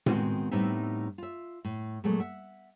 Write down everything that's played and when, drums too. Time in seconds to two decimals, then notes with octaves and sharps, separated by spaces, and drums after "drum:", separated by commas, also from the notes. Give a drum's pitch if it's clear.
0.06 D#3 G#3 B3 C4 F#4, drum: tom A2
0.51 A2 G3 B3 C4 D#4 E5
1.18 F4 E5
1.65 A2
2.04 A#2 F#3 G#3 A3 B3
2.20 E5 F#5